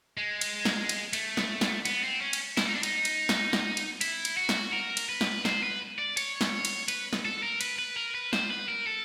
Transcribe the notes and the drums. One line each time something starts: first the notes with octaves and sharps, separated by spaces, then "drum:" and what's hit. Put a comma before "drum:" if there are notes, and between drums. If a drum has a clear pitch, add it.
G#3
drum: cymbal
drum: snare
drum: cymbal
A3, drum: cymbal
drum: snare
drum: snare
B3, drum: cymbal
C4
C#4
drum: cymbal
E4, drum: snare
D#4
D4
D#4, drum: cymbal
drum: cymbal
drum: snare
drum: snare
drum: cymbal
E4, drum: cymbal
drum: cymbal
F#4
drum: snare
A#4
drum: cymbal
B4
drum: snare
C5, drum: snare
B4
D5
C#5, drum: cymbal
drum: snare
drum: cymbal
B4, drum: cymbal
drum: snare
A4
A#4
B4, drum: cymbal
B4
A#4
B4
C5, drum: snare
B4
A#4
A4